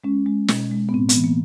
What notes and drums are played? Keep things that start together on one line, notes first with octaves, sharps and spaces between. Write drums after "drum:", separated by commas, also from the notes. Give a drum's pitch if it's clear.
G#3 C#4
G#3
B2, drum: snare
G#3
B3
A2 C4
B3, drum: hi-hat
E3
A#3